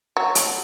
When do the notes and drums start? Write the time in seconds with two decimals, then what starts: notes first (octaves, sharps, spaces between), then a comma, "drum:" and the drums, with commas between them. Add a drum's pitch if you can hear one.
0.17 F#3
0.35 drum: hi-hat